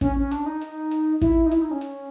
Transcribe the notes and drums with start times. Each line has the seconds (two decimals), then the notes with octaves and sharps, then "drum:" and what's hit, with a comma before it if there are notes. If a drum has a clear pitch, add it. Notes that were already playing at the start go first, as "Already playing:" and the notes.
0.01 C#4, drum: kick, hi-hat
0.16 C#4
0.31 D4, drum: hi-hat
0.46 D#4
0.61 drum: hi-hat
0.91 drum: hi-hat
1.21 E4, drum: kick, hi-hat
1.46 D#4
1.51 E4, drum: hi-hat
1.61 D#4
1.71 C#4
1.81 drum: hi-hat